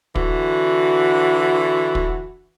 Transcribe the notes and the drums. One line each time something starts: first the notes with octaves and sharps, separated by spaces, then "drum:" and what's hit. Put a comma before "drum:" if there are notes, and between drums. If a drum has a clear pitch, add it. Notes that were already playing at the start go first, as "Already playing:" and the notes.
D3 E3 F#4, drum: kick
drum: kick